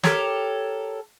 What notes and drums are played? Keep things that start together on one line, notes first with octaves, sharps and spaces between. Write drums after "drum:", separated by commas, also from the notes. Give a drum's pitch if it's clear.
G4 A4 A#4 C#5, drum: snare